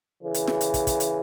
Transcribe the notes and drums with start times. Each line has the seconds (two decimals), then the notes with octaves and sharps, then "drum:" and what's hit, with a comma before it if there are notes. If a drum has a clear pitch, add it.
0.21 C#3 E3
0.34 drum: hi-hat
0.48 drum: snare
0.61 drum: hi-hat
0.74 drum: kick, hi-hat
0.87 drum: kick, hi-hat
1.00 drum: hi-hat